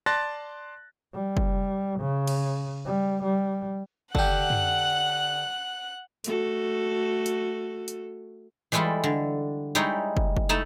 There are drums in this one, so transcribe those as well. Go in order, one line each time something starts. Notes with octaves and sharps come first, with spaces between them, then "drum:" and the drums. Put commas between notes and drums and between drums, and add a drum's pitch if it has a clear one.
D5 A5 C6 F#6 A6 A#6
G3
drum: kick
C#3
drum: cymbal
G3
G3
D3 G4 F#5 F#6, drum: kick
drum: tom
A3 F#4 A4, drum: hi-hat
drum: hi-hat
drum: hi-hat
E3 G3 G#3 E4 F4 A4
D3
G3 G#3 D#4 E4 C#5
drum: kick
drum: kick
A3 D#4 E4 A5